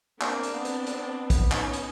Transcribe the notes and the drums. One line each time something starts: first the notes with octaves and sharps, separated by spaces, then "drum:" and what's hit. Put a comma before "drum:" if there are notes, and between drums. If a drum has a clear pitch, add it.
A#3 C4 D4, drum: clap
drum: hi-hat
B3
drum: hi-hat
drum: hi-hat
drum: kick, hi-hat
C#4 D#4, drum: clap
drum: hi-hat